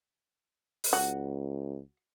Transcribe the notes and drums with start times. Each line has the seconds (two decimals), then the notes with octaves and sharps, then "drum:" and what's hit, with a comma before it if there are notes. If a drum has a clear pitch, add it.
0.84 drum: open hi-hat
0.93 C#2 F#4